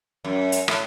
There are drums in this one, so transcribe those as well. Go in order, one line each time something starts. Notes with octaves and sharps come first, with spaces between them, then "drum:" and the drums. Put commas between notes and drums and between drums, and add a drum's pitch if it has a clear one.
F#2
drum: hi-hat
A2, drum: rim click